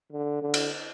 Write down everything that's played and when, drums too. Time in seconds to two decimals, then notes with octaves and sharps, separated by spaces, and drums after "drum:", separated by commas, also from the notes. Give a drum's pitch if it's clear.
0.13 D3
0.42 D3
0.54 drum: cymbal